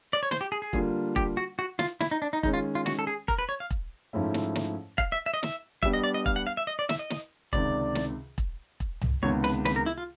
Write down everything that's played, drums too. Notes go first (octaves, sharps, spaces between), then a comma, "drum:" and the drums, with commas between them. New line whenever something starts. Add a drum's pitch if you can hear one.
D5
C#5
C5, drum: snare
G4
G#4
G#4
D3 G3 A#3 D4 F4, drum: kick E1
G4, drum: kick E1
F#4
F#4
F4, drum: snare
E4, drum: snare
D#4
D4
D#4
D#3 G#3 C#4 D#4, drum: kick E1
F4
F4
F#4, drum: snare
A4
G#4
A#4, drum: kick E1
B4
C#5
F5
drum: kick E1
G#2 F3 A3 C#4 E4
drum: snare
drum: snare
F5, drum: kick E1
E5
E5
D#5
E5, drum: snare
G3 B3 D4 G4 E5, drum: kick E1
D#5
D5
D#5
F5, drum: kick E1
F#5
F5
E5
D#5
D5
E5, drum: snare
D#5
drum: snare
C#2 C3 D#3 D5, drum: kick E1
drum: snare
drum: kick E1
drum: kick E1
drum: tom C2
C#2 C3 D#3 G#3 B3 C#5
B4, drum: snare
B4, drum: snare
A#4
E4
F4